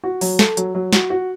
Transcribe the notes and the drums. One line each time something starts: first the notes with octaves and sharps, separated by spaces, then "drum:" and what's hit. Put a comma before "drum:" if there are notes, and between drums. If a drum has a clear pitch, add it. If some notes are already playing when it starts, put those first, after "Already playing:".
F#4
F#3, drum: open hi-hat
A4, drum: snare
F#3, drum: hi-hat
F#3
F#4, drum: snare
F#4